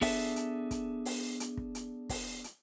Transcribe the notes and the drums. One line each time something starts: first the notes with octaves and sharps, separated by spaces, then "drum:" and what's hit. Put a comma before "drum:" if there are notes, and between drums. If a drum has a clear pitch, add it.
B3 D4 G#4 A4 E5, drum: kick, open hi-hat
drum: hi-hat
drum: kick, hi-hat
drum: open hi-hat
drum: hi-hat
drum: kick
drum: hi-hat
drum: kick, open hi-hat
drum: hi-hat